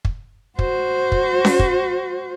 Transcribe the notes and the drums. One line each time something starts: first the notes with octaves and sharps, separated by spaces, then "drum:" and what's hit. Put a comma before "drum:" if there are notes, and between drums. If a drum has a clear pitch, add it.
drum: kick
F#4 C5, drum: kick
drum: kick
drum: snare C#4
drum: kick